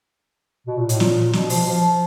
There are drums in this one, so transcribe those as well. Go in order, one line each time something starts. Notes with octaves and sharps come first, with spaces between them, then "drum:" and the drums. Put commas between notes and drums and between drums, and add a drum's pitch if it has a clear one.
B2
A#2
A2, drum: hi-hat
A#2, drum: snare
B2, drum: snare
F3, drum: open hi-hat
F3